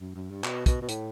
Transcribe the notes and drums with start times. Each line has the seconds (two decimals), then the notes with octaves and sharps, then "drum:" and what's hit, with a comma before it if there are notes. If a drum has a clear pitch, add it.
0.01 F#2
0.15 F#2
0.30 G2
0.44 B2, drum: clap
0.66 B2, drum: kick, hi-hat
0.82 B2
0.89 A2, drum: hi-hat